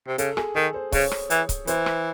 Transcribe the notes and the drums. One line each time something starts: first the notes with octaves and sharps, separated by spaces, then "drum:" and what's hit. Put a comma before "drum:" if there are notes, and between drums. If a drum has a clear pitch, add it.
C3
C#3 A4, drum: hi-hat
G#4, drum: rim click
D#3 A4
C5
C#3 C#5, drum: kick C#1, open hi-hat
drum: rim click
E3, drum: hi-hat
drum: kick C#1, hi-hat
E3 C5, drum: hi-hat
drum: rim click